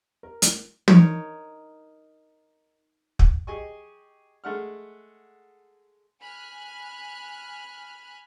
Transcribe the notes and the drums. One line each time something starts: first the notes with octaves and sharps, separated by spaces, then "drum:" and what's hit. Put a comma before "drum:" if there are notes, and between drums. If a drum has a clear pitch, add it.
A#4
drum: hi-hat
D#4 A#4 C#5, drum: tom
drum: kick
G4 G#4 D#5 G#5 C#6
G#3 A3 F#5 F6
G#5 B5 F6 F#6